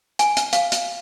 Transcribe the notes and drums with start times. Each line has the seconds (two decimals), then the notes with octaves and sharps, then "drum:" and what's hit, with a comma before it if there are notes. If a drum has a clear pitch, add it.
0.19 G#5, drum: hi-hat
0.37 drum: hi-hat
0.53 F5, drum: hi-hat
0.72 drum: hi-hat